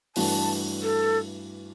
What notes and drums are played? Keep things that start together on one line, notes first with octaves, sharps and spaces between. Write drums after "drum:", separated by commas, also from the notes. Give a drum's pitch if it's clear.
G2 E3 A3 D4 F#4 A5, drum: open hi-hat
A4